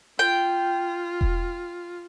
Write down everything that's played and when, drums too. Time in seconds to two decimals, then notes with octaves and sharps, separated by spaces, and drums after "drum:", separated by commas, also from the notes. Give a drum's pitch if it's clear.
0.19 F4 G5
1.21 drum: kick E1